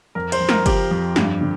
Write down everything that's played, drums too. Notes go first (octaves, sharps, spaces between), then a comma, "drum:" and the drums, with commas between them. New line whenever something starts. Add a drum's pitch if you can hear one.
F2 A#4
C5, drum: cymbal
F2
A#4, drum: snare
F3 G4, drum: kick F#1, cymbal
F2
G2, drum: snare
D3